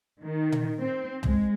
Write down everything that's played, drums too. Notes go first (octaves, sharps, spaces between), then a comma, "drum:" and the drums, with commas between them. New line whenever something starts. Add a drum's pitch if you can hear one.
D#3
drum: tom A#2
C4
G#3, drum: tom